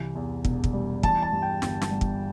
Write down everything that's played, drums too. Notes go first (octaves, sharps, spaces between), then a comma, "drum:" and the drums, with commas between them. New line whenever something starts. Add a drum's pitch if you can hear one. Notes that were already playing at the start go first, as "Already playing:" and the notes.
Already playing: C2 E3
E2
E1, drum: kick
drum: kick
G3
E3 A5, drum: kick
A5
G2
G5
G1, drum: snare
drum: snare
G3
drum: kick